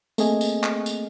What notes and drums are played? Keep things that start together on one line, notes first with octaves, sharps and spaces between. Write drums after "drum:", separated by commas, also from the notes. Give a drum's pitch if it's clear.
A3 A#3 C4 G#4 D#5 G#5, drum: tambourine
drum: tambourine
drum: clap
drum: tambourine